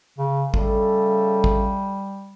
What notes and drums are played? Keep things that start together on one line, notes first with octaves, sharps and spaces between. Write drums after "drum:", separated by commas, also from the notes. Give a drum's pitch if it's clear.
C#3
C#3 G3 A3 A4, drum: kick
drum: kick